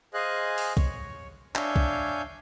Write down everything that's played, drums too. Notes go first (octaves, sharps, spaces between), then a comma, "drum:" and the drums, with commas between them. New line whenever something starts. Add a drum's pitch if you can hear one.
G#4 C5 D#5 F5 G#5 F#6
drum: open hi-hat
C#5, drum: kick B1
D4 C#5 E5 F5 G#5 G6, drum: clap
drum: kick B1